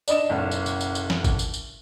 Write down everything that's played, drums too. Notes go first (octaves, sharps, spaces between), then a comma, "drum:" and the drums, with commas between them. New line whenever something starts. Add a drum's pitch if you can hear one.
D4 D#4 D#5 E7, drum: tambourine
F#1 B1
drum: tambourine
drum: tambourine
drum: tambourine
drum: tambourine
drum: snare
drum: kick, tambourine
drum: tambourine
drum: tambourine